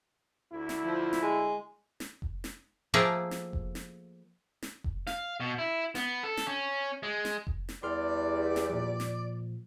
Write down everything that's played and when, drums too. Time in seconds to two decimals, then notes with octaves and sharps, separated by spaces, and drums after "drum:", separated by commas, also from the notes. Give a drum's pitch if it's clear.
0.51 D2 E4
0.69 drum: snare
0.85 F3
1.13 drum: snare
1.22 G#3
2.00 drum: snare
2.22 drum: kick F1
2.44 drum: snare
2.94 F3 A3 A#3 G4 G#4 A#4
3.31 drum: snare
3.53 drum: kick F1
3.75 drum: snare
4.62 drum: snare
4.84 drum: kick F1
5.07 F5, drum: snare
5.40 B2
5.59 E4
5.95 B3, drum: snare
6.23 A4
6.37 drum: snare
6.47 C#4
7.03 G#3
7.25 drum: snare
7.47 drum: kick F1
7.69 drum: snare
7.83 E2 G3 D5 C6 F6
8.56 drum: snare
8.70 A#2 F3
9.00 drum: snare